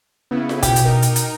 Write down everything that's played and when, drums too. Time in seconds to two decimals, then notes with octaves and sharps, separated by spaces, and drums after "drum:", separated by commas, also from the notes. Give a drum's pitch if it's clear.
0.31 C#3 B3 E4
0.49 drum: snare F4
0.63 B2 G4, drum: kick, hi-hat
0.76 drum: hi-hat
0.85 D#4 A#4
1.02 drum: hi-hat
1.16 drum: hi-hat